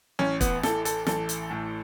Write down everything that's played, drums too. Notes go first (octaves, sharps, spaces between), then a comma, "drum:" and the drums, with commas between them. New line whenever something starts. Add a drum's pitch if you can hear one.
A1 C#4
B3, drum: kick, hi-hat
E3 A4, drum: snare
A4, drum: hi-hat
A1 A4, drum: snare
drum: hi-hat
A2